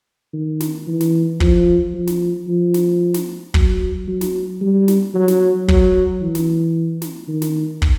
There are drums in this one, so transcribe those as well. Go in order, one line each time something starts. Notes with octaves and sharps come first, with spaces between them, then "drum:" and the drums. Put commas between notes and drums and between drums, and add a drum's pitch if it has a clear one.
D#3
drum: snare
E3
drum: snare
F3, drum: kick
F3
drum: snare
F3
drum: snare
drum: snare
F#3, drum: kick
F#3
drum: snare
G3
drum: snare
F#3
drum: snare
F#3, drum: kick
E3
drum: snare
drum: snare
D#3
drum: snare
drum: kick